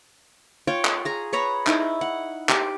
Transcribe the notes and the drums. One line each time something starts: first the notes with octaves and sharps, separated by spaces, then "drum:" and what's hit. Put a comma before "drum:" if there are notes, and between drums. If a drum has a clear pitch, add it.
F4 C#5 G5
drum: clap
G#4 A#5
B4 C#5 A#5 B5
D#4 E4, drum: clap
F#5
G4, drum: clap